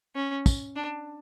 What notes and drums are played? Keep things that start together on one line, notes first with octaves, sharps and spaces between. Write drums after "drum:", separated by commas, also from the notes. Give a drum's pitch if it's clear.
C#4
drum: kick, tambourine
D4